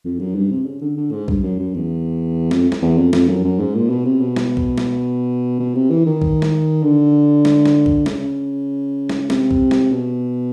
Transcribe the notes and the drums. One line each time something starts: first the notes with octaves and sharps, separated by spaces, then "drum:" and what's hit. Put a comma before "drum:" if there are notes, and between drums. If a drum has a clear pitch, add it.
F2
F#2
G2
C3
C#3
D3
D3
G#2
G2, drum: kick B1
F#2
F#2
E2
F2, drum: snare
drum: snare
E2
F2
F2, drum: snare
F#2
F#2
G#2
A#2
B2
C3
B2
drum: snare
drum: kick B1
drum: snare
B2
C3
E3
D#3
drum: kick B1
drum: snare
D3
drum: snare
drum: snare
drum: kick B1
C#3, drum: snare
drum: snare
C3, drum: snare
drum: kick B1
drum: snare
B2